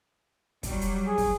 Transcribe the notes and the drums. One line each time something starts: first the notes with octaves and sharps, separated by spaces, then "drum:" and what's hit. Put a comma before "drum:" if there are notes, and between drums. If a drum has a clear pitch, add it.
F#3 G3, drum: kick, hi-hat
drum: hi-hat
G#4
drum: kick, open hi-hat